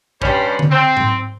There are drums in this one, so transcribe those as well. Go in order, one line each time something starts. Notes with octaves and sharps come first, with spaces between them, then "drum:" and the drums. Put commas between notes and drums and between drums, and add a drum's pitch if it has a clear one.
G2 G3 C#4 C5 B5, drum: kick
drum: tom D3
C4
drum: tom G#2